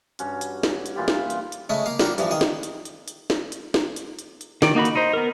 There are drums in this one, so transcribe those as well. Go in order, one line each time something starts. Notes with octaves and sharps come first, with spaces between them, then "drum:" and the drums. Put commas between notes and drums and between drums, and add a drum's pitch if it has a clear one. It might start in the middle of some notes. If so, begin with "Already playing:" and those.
G2 C#4 F#4, drum: hi-hat
drum: hi-hat
drum: snare
drum: hi-hat
A#2 E3 F4 G4
drum: snare
drum: hi-hat
drum: hi-hat
C#3 G#3 A3
A#3 F5
G3 A#3 F4 F#4, drum: snare
G2 E3 F3, drum: hi-hat
D#3 G#4
drum: snare
drum: hi-hat
drum: hi-hat
drum: hi-hat
drum: snare
drum: hi-hat
drum: snare
drum: hi-hat
drum: hi-hat
drum: hi-hat
D#3 D5, drum: snare
A#3 D#4 F#4 B5
drum: hi-hat
D#4 C5
B3 A#4